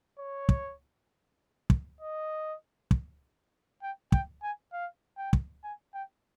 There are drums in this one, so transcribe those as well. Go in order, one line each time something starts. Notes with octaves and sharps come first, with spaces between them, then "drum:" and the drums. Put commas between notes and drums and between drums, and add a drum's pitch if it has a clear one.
C#5
drum: kick
drum: kick
D#5
drum: kick
G5
G5, drum: kick
G#5
F5
G5
drum: kick
G#5
G5